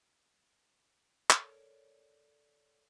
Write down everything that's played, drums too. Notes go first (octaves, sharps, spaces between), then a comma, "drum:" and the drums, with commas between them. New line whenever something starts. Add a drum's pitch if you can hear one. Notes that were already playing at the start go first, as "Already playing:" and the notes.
A4 A#4 C#5 D5, drum: clap